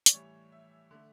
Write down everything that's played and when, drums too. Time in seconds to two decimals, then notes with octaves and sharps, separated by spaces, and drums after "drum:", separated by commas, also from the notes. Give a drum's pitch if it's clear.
0.06 D5, drum: hi-hat
0.13 A2 E3 G3 C#5
0.52 E5
0.91 D3 A3